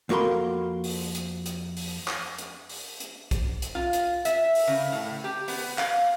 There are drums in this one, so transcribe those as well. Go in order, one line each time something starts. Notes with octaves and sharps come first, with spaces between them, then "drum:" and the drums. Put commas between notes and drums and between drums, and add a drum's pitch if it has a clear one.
F2 A#3 F#4 A#4 B5 C6
drum: open hi-hat
drum: hi-hat
drum: hi-hat
drum: open hi-hat
drum: clap
drum: hi-hat
drum: open hi-hat
drum: hi-hat
drum: kick B1, hi-hat
drum: hi-hat
F4
drum: hi-hat
E5, drum: hi-hat
drum: open hi-hat
C#3
A2
G4
B3, drum: open hi-hat
F5, drum: clap